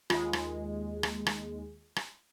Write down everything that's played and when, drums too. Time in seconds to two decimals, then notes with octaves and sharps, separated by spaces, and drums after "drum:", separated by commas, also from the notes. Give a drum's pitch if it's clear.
0.10 D#2 G#3 F4, drum: rim click
0.33 drum: rim click
1.03 drum: rim click
1.26 drum: rim click
1.96 drum: rim click